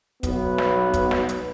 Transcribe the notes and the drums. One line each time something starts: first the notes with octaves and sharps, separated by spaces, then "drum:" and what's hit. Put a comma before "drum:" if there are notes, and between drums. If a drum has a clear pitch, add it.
B1 B3, drum: kick, hi-hat
drum: snare
drum: kick, hi-hat
drum: snare
drum: hi-hat